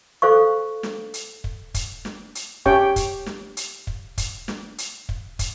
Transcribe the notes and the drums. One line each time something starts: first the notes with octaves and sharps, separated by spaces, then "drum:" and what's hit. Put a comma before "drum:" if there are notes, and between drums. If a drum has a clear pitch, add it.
A4 C5 F5 C#6
drum: snare
drum: hi-hat
drum: kick
drum: kick, hi-hat
drum: snare
drum: hi-hat
C#4 G4 C#5 G5 C#6, drum: kick
drum: kick, hi-hat
drum: snare
drum: hi-hat
drum: kick
drum: kick, hi-hat
drum: snare
drum: hi-hat
drum: kick
drum: kick, hi-hat